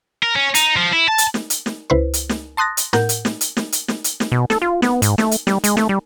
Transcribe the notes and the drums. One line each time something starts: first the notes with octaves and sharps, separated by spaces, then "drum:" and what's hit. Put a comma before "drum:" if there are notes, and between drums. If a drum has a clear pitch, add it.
A#4
C#4
D#4, drum: hi-hat
F3
E4
A5
drum: hi-hat
drum: snare
drum: hi-hat
drum: snare
C#2 E4 B4 C5
drum: hi-hat
drum: snare
A5 C6 D#6 F#6 A6 A#6
drum: hi-hat
A2 A#4 F#5 G6, drum: snare
drum: hi-hat
drum: snare
drum: hi-hat
drum: snare
drum: hi-hat
drum: snare
drum: hi-hat
drum: snare
B2
A4, drum: snare
F4
B3, drum: snare
G#2, drum: hi-hat
A3, drum: snare
drum: hi-hat
G3, drum: snare
G#3, drum: hi-hat
A3, drum: snare
G3